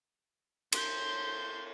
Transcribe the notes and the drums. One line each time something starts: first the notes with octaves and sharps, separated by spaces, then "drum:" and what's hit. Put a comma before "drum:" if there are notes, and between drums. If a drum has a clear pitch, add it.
C6 G6, drum: cymbal